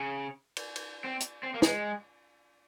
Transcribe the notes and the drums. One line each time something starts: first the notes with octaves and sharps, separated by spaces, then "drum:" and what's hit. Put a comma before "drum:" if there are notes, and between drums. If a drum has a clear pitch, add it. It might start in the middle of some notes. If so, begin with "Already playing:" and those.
Already playing: C#3
drum: cymbal
drum: cymbal
C4
drum: hi-hat
C4
A#3
G#3, drum: snare